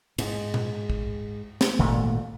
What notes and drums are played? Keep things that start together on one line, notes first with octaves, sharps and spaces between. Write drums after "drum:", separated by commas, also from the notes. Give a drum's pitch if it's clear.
G#2, drum: cymbal
drum: tom A#2
drum: kick
drum: snare
G#1 A#2 A3